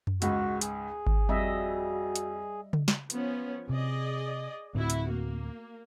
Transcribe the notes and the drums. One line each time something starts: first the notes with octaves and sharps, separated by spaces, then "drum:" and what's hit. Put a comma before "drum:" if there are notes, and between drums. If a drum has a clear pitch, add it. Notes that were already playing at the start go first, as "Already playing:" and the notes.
drum: tom F#2
C#2 G#2 F#4, drum: hi-hat
G#4, drum: hi-hat
drum: kick G#1
F2 G3 F#4 D#5 E5
drum: hi-hat
drum: tom C#3
drum: snare
F3 B3 C#4, drum: hi-hat
C3 G#4 D5 D#5
D2 A2 C4 E4 F#4
drum: hi-hat
A#3